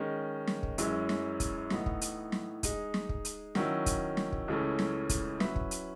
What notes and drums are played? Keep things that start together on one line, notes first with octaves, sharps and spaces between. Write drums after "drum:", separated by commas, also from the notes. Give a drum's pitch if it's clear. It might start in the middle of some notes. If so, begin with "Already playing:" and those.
Already playing: D#3 G#3 C#4
drum: snare
drum: kick
F#2 E3 G#3 C#4, drum: hi-hat
drum: snare
drum: kick, hi-hat
A2 E3 B3 D#4, drum: snare
drum: kick
drum: hi-hat
drum: snare
G#3 D#4 G#4, drum: kick, hi-hat
drum: snare
drum: kick
drum: hi-hat
D#3 F#3 C#4 E4, drum: snare
drum: kick, hi-hat
drum: snare
drum: kick
C#2 C#3 E3 A3 C#4
drum: snare
drum: kick, hi-hat
F#3 C#4 E4 B4 E5, drum: snare
drum: kick
drum: hi-hat